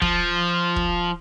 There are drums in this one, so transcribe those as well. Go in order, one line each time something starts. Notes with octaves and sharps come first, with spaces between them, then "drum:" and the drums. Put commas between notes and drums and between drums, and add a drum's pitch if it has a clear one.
F3, drum: kick
drum: kick